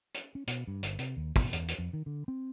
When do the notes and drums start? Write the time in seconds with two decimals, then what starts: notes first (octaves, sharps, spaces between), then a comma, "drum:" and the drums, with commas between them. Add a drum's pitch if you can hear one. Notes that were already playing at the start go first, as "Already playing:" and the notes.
0.14 drum: hi-hat
0.35 C#4
0.47 B2, drum: hi-hat
0.67 G2
0.83 G1, drum: hi-hat
0.99 C3, drum: hi-hat
1.17 D#2
1.36 B2, drum: kick, open hi-hat
1.53 E2, drum: hi-hat
1.68 drum: hi-hat
1.78 F2
1.93 D#3
2.06 D3
2.28 C4